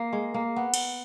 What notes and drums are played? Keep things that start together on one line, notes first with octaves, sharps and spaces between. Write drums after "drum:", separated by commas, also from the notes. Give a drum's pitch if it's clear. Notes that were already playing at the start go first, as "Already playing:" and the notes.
Already playing: A#3
G#3
A#3
B3
drum: cymbal